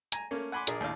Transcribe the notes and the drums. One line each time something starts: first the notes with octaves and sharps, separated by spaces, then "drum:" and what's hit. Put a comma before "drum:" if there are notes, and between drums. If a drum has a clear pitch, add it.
G#5 A#5, drum: hi-hat
A3 A#3 C#4
F#5 G#5 B5 C6 D6
A#1 D4 G#4 A#4, drum: hi-hat
D#2 A2 D4 F5